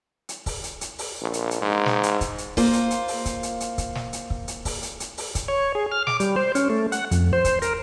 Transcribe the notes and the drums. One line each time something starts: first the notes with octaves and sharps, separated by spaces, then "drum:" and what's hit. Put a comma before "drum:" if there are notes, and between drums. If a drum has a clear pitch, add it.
drum: hi-hat
drum: kick, open hi-hat
drum: hi-hat
drum: hi-hat
drum: open hi-hat
A#1
drum: hi-hat
drum: hi-hat
G#2
drum: snare
drum: hi-hat
drum: kick, hi-hat
drum: hi-hat
A#3 F4 C5, drum: kick, open hi-hat
drum: hi-hat
drum: hi-hat
drum: open hi-hat
drum: kick, hi-hat
drum: hi-hat
drum: hi-hat
drum: kick, hi-hat
drum: snare
drum: hi-hat
drum: kick
drum: hi-hat
drum: kick, open hi-hat
drum: hi-hat
drum: hi-hat
drum: open hi-hat
drum: kick, hi-hat
C#5
G#4
F6
D6, drum: snare
G3, drum: hi-hat
C5
C#4, drum: hi-hat
A3
F#5, drum: hi-hat
F2, drum: hi-hat
C5
drum: kick, hi-hat
A#4, drum: hi-hat